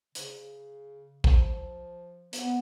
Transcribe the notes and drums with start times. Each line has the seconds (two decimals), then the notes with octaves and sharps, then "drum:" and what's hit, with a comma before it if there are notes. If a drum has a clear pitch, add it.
0.15 C#3, drum: hi-hat
1.24 F3, drum: kick A1
2.33 B3, drum: hi-hat